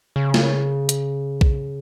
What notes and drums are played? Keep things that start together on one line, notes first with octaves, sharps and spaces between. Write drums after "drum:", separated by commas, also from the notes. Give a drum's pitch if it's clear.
C#3
drum: snare
drum: hi-hat
drum: kick B1